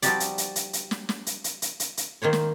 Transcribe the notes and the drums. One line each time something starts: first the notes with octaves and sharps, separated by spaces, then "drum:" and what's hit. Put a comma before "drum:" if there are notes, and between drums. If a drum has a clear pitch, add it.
F3 G3 D#4 F#4 G4 D5, drum: hi-hat
drum: hi-hat
drum: hi-hat
drum: hi-hat
drum: hi-hat
drum: snare
drum: snare
drum: hi-hat
drum: hi-hat
drum: hi-hat
drum: hi-hat
drum: hi-hat
D#3 A#3 C5 C#5
drum: snare